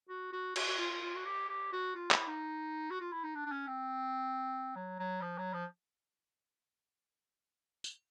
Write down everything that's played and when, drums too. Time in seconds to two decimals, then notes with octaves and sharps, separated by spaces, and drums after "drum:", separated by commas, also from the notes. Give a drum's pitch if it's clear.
0.09 F#4
0.33 F#4
0.56 F#4, drum: cymbal
0.68 F#4
0.79 F4
0.91 F4
1.02 F4
1.15 F#4
1.26 G4
1.49 G4
1.73 F#4
1.95 F4
2.11 E4, drum: clap
2.27 D#4
2.90 F#4
3.01 F4
3.12 E4
3.24 D#4
3.35 D4
3.46 D4
3.51 C#4
3.67 C4
4.76 F#3
4.99 F#3
5.22 F3
5.38 F#3
5.53 F3
7.84 drum: tambourine